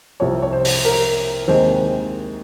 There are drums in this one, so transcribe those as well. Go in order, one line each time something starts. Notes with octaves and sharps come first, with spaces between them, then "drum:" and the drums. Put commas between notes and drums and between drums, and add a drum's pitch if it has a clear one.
C2 C3 F3 C#5
C#5
C5
drum: open hi-hat
A#4
D#2 D#3 G#3 C4 C5